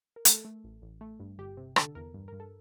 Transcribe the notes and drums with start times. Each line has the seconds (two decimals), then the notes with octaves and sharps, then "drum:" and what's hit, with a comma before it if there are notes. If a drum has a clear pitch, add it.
0.16 A#4
0.25 A3 A4, drum: hi-hat
0.45 A3
0.64 A1
0.82 A1
1.01 A3
1.20 G2
1.39 G1 G4
1.57 C3
1.76 D3 A4, drum: rim click
1.95 E2 A#4
2.14 G2
2.28 G2 A#4
2.40 A4